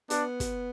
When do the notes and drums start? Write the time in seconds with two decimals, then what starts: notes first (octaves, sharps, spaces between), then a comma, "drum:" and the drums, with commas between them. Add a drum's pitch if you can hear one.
0.10 B3 D4, drum: hi-hat
0.40 drum: kick, hi-hat